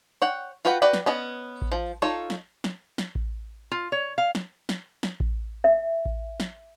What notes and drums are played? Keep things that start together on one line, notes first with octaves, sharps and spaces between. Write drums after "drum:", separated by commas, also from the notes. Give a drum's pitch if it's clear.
C#5 F#5 G5
F4 F#4 B4 F#5 G5
F#4 B4 D5 G5
drum: snare
B3 C#4 D#5
drum: kick A1
F3
D#4 F4 A4 C#5
drum: snare
drum: snare
drum: snare
drum: kick A1
F4
C#5
F5
drum: snare
drum: snare
drum: snare
drum: kick A1
E5
drum: kick A1
drum: snare